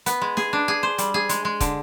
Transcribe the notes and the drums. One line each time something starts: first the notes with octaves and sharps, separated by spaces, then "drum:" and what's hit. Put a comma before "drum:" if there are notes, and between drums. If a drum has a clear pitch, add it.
B3, drum: hi-hat
G#3
G#4, drum: snare
D4
G#4
C5
G3, drum: hi-hat
G#4
G#3, drum: hi-hat
G#3
D3, drum: kick, hi-hat